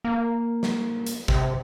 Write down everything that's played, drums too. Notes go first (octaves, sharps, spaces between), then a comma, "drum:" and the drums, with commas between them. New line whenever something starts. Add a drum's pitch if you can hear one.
A#3
drum: snare
drum: hi-hat
C3, drum: kick